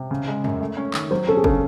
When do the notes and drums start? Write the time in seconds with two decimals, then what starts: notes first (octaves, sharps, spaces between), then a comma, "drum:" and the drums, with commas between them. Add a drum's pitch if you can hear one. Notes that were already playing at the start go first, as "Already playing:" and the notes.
Already playing: C3
0.11 C#3
0.28 G#3
0.44 F#2, drum: tom
0.61 A3
0.77 C#4
0.94 D#3, drum: clap
1.11 F#3 C5
1.27 C#4 A4
1.37 G#4
1.44 C#3 A4, drum: kick